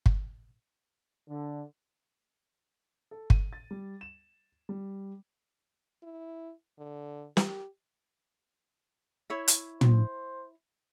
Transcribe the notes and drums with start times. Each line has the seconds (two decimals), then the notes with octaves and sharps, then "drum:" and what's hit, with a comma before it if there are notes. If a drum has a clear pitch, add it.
0.06 drum: kick G1
1.28 D3
3.11 A4
3.30 D#7, drum: kick G1
3.53 A6
3.71 G3
4.01 E7
4.69 G3
6.03 E4
6.79 D3
7.37 G4, drum: snare
9.30 E4 C#5 E5
9.48 drum: hi-hat
9.81 C5, drum: tom